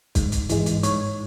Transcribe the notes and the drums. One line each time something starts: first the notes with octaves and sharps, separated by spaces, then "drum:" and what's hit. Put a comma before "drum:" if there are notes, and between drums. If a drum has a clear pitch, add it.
G#2, drum: kick, hi-hat
drum: hi-hat
E3 G#3, drum: hi-hat
drum: hi-hat
G#2 C#5, drum: hi-hat